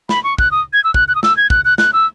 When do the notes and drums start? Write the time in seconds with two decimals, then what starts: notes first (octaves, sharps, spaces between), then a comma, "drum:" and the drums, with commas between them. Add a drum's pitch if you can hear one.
0.09 B5, drum: snare
0.24 C#6
0.38 F#6, drum: kick
0.51 D#6
0.73 G#6
0.84 E6
0.94 F#6, drum: kick
1.08 F#6
1.15 D#6
1.23 E6, drum: snare
1.37 G#6
1.50 F#6, drum: kick
1.65 F#6
1.78 F#6, drum: snare
1.93 E6